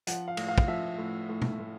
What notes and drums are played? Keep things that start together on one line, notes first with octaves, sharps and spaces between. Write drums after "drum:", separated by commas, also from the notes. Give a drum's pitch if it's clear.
F3 F#5, drum: hi-hat
F5
A2, drum: cymbal
F5
drum: kick
F3 E5
A2
A2
drum: tom
A2